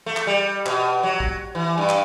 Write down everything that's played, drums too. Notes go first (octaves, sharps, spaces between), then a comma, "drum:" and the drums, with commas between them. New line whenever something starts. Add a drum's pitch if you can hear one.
A3
drum: clap
G3
B2, drum: clap
F#3
drum: kick
E3
G2
drum: clap